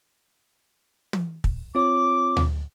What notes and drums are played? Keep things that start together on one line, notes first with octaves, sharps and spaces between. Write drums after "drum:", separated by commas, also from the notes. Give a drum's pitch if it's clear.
drum: tom
drum: kick
C4 F4 C#5 D6
drum: tom D2